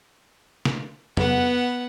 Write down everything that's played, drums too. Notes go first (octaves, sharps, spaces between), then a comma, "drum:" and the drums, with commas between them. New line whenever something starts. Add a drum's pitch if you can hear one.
drum: snare
B3 F#5, drum: tom